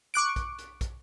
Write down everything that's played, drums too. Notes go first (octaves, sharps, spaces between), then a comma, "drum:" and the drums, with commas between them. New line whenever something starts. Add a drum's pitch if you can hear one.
C#6 D6 F#6 D7
drum: kick, hi-hat
drum: hi-hat
drum: kick, hi-hat